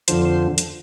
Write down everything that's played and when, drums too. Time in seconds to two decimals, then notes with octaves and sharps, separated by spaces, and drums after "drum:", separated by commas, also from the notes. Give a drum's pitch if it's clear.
0.08 F2 D3 F3 C5, drum: hi-hat
0.25 C5
0.58 drum: hi-hat